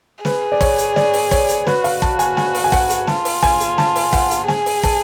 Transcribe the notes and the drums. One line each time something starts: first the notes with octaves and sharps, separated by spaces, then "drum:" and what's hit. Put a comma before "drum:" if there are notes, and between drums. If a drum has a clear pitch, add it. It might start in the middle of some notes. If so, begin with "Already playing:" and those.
G#4 B4, drum: snare
D5
C#5, drum: kick, open hi-hat
drum: hi-hat
D5, drum: snare
drum: open hi-hat
C#5, drum: kick, open hi-hat
drum: hi-hat
F#4 B4, drum: snare
F5, drum: open hi-hat
A5, drum: kick
G#5, drum: hi-hat
G#5, drum: snare
drum: open hi-hat
G#5
F#5, drum: kick, open hi-hat
drum: hi-hat
F4 A5, drum: snare
drum: open hi-hat
G#5, drum: kick, open hi-hat
drum: hi-hat
A5, drum: snare
drum: open hi-hat
F#5, drum: kick, open hi-hat
drum: hi-hat
G#4 G#5, drum: snare
drum: open hi-hat
A5, drum: kick, open hi-hat